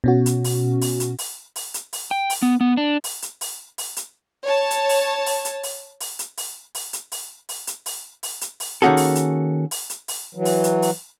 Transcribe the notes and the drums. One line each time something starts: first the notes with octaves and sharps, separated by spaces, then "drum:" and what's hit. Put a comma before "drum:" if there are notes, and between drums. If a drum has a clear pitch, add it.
B2 C#4 F#4
drum: hi-hat
drum: open hi-hat
drum: open hi-hat
drum: hi-hat
drum: open hi-hat
drum: open hi-hat
drum: hi-hat
drum: open hi-hat
G5
drum: open hi-hat
B3
B3
D4
drum: open hi-hat
drum: hi-hat
drum: open hi-hat
drum: open hi-hat
drum: hi-hat
C#5 A5
drum: hi-hat
drum: open hi-hat
drum: open hi-hat
drum: hi-hat
drum: open hi-hat
drum: open hi-hat
drum: hi-hat
drum: open hi-hat
drum: open hi-hat
drum: hi-hat
drum: open hi-hat
drum: open hi-hat
drum: hi-hat
drum: open hi-hat
drum: open hi-hat
drum: hi-hat
drum: open hi-hat
D#3 A#3 C#4 F#4 G#4 A4
drum: open hi-hat
drum: hi-hat
drum: open hi-hat
drum: hi-hat
drum: open hi-hat
E3 F#3
drum: open hi-hat
drum: hi-hat
drum: open hi-hat